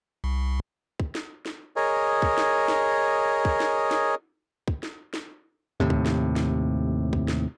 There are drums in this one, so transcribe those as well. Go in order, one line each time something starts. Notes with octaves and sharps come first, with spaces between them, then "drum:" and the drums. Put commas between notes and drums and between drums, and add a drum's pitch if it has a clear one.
C2
drum: kick
drum: snare
drum: snare
G#4 A#4 C#5 D#5
drum: kick
drum: snare
drum: snare
drum: kick
drum: snare
drum: snare
drum: kick
drum: snare
drum: snare
D#2 A2 C3
drum: kick
drum: snare
drum: snare
drum: kick
drum: snare